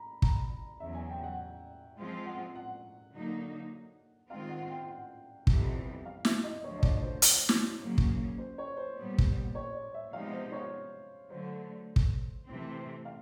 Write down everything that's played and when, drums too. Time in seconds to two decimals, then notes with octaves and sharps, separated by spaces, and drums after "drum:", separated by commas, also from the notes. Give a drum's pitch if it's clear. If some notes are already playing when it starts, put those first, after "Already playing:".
Already playing: A#5 B5
0.22 A#5, drum: kick
0.80 E2 C#3 F#3 E5
0.95 G#5
1.09 G5
1.24 F#5
1.97 F3 G#3 C4 F4
2.25 F#5
2.55 F#5
3.13 D3 F#3 A#3 D#4
4.30 D#3 G#3 C4 F4 F5
4.49 F#5
4.69 G5
4.88 F#5
5.47 F2 C3 E3 G3 B3, drum: kick
6.05 F5
6.25 E5, drum: snare
6.44 D#5
6.63 D2 D3 F3 C#5
6.79 D#5
6.83 D5, drum: kick
7.02 C5
7.22 C5, drum: hi-hat
7.49 drum: snare
7.80 F#2 C#3 F#3 A#3 C#4
7.98 drum: kick
8.38 C5
8.58 C#5
8.77 C5
8.96 A#2 G3 B3
9.18 drum: kick
9.55 C#5
9.74 D5
9.94 E5
10.13 C3 F3 G#3 B3 D#4 F5
10.32 C5
10.52 C#5
11.30 D3 F#3 A3 C5
11.96 drum: kick
12.46 C3 E3 A3 C4
13.05 F5